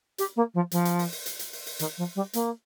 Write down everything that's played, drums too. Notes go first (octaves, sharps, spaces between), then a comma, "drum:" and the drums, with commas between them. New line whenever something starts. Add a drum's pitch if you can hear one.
G4, drum: hi-hat
A#3
F3
F3, drum: hi-hat
drum: hi-hat
drum: open hi-hat
drum: open hi-hat
drum: hi-hat
drum: hi-hat
drum: open hi-hat
drum: open hi-hat
D#3, drum: hi-hat
F3
G3
A#3, drum: hi-hat